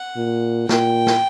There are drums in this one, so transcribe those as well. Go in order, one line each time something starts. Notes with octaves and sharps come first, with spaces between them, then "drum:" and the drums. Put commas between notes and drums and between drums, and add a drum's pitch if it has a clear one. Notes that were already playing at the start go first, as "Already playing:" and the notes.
Already playing: F#5
A#2
A#2 G5, drum: snare
drum: snare